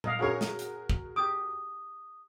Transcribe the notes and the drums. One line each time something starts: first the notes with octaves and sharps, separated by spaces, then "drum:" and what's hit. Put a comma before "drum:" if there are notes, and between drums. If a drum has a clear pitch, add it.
A#4 D#5 F5, drum: tom A#2
C#4 F#4 G#4 A#4 C#5 F5
drum: snare
drum: hi-hat
drum: kick
G4 D6 D#6